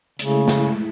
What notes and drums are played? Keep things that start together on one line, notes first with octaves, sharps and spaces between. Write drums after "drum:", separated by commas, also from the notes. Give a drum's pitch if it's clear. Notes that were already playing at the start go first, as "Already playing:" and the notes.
C#3 G#3 A3 E4, drum: hi-hat
drum: snare